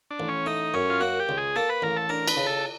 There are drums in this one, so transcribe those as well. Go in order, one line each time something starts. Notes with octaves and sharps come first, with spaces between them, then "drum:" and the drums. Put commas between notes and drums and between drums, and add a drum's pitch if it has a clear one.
D4
A1
C#4
A3 D#4
F#2 C#4
F4
A#3 F#4
G4
C#2
G#4
A#3 A4
B4
A1 A#4
A4
D4 A#4
B4, drum: cymbal
C#3
A4